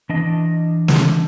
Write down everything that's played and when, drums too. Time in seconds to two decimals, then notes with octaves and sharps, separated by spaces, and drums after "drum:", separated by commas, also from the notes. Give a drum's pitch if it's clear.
0.09 E3 D4 D#5
0.88 drum: snare